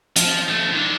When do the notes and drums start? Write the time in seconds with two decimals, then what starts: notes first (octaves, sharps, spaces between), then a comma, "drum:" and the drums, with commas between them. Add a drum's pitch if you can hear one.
0.16 F3, drum: hi-hat
0.48 F3 A3
0.73 D#3 D4